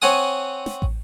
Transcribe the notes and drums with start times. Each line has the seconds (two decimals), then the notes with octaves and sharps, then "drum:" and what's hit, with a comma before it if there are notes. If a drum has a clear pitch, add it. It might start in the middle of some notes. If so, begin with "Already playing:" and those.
0.02 C4 C#5 F#5 G#5 D#6
0.66 drum: snare
0.82 drum: kick